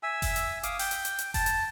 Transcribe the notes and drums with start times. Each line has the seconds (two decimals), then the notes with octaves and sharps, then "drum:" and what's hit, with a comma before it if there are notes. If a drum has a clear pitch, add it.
0.03 E5 G#5 E6
0.22 drum: kick F#1, open hi-hat
0.36 drum: hi-hat
0.63 F5 D6 D#6, drum: hi-hat
0.79 G5, drum: open hi-hat
0.91 drum: hi-hat
1.05 drum: hi-hat
1.19 drum: hi-hat
1.34 A5, drum: kick F#1, open hi-hat
1.46 drum: hi-hat